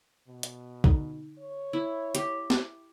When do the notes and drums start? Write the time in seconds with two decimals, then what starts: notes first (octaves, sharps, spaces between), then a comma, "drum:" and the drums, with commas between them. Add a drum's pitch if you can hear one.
0.28 B2
0.43 drum: hi-hat
0.84 D3 D#4, drum: kick B1
1.39 C#5
1.73 E4
2.15 G4, drum: hi-hat
2.50 drum: snare